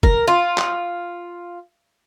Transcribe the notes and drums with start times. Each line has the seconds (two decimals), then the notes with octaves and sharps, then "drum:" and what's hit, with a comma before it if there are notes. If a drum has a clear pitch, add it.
0.03 A#4, drum: kick
0.28 F4
0.58 drum: clap